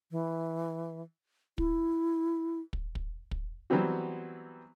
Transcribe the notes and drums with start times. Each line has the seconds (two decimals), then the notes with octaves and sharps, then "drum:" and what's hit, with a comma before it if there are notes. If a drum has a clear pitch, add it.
0.11 E3
1.58 E4, drum: kick
2.73 drum: kick
2.95 drum: kick
3.31 drum: kick
3.70 E3 F#3 G3 B3 C4 F#4